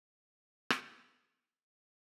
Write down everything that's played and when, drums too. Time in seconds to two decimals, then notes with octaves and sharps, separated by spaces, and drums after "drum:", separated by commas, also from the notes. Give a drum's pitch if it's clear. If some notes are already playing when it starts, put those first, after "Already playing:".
0.70 drum: rim click
0.99 D#3
1.13 G4
1.26 A3
1.38 F#4
1.57 A5
1.77 F4
1.91 A4